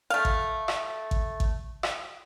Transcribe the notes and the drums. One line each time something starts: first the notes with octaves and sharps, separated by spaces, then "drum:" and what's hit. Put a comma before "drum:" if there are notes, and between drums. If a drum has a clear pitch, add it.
A3 F5
drum: kick A1
drum: rim click
drum: kick A1
drum: kick A1
drum: rim click